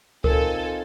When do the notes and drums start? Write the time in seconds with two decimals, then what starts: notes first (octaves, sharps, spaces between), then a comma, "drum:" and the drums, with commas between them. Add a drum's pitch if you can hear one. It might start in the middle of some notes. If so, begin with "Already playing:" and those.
0.24 C4 D#4 F4 A4 A#4 G#5, drum: kick C#2